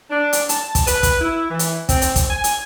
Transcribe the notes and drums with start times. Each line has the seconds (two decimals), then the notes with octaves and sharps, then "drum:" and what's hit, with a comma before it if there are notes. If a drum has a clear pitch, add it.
0.10 D4
0.33 drum: hi-hat
0.49 A5, drum: hi-hat
0.75 drum: kick, hi-hat
0.87 B4, drum: hi-hat
1.03 drum: kick, hi-hat
1.20 E4
1.50 E3
1.59 drum: hi-hat
1.89 C4, drum: kick, hi-hat
2.02 drum: hi-hat
2.16 drum: kick, hi-hat
2.30 G#5
2.44 drum: hi-hat